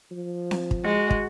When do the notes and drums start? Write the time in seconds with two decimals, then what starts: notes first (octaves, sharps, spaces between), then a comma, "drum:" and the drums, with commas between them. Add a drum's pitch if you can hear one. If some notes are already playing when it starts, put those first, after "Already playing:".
0.11 F3
0.51 drum: snare C4
0.71 drum: kick
0.85 G#3 F#4
1.10 drum: kick